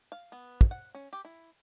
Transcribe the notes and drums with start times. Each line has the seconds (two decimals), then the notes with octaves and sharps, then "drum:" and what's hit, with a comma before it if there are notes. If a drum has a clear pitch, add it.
0.12 F5
0.32 B3
0.61 drum: kick
0.71 F#5
0.94 C#4
1.13 G4
1.25 E4